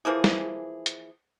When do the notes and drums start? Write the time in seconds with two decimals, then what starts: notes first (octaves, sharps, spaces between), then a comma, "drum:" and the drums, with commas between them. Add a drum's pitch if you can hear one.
0.05 E3 F3 A#3 G#4
0.24 drum: snare
0.86 drum: hi-hat